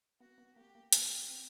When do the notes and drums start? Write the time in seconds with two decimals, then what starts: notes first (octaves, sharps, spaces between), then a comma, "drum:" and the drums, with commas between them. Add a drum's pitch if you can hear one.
0.20 B3 F#4
0.38 B3
0.56 A#3 G4
0.75 A#3
0.93 B3 G4, drum: hi-hat
1.29 C4